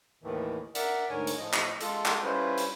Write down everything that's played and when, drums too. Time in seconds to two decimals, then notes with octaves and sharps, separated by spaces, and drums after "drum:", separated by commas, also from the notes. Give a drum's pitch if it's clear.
0.23 D#2 A2 D#3 E3
0.75 A#4 D5 E5 F#5, drum: hi-hat
1.09 D2 G#2 D3 A#4 C#5 G#5
1.27 drum: hi-hat
1.38 A2 F3 D#5
1.53 drum: clap
1.81 G#3 F4 A4, drum: hi-hat
2.06 drum: clap
2.23 G3 C#4 E4 F4 B4 C5
2.58 drum: hi-hat